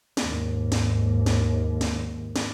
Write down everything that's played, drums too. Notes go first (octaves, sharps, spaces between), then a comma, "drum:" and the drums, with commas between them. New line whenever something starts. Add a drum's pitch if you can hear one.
D#2 G#2, drum: snare
drum: snare
drum: snare
drum: snare
drum: snare